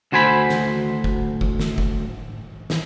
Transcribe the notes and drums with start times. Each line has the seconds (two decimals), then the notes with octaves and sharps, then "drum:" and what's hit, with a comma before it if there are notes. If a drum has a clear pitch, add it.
0.12 D2 F#4 C5 G#5 B5
0.49 drum: snare
1.04 drum: kick
1.41 drum: kick
1.59 drum: snare
1.78 drum: kick
2.70 drum: snare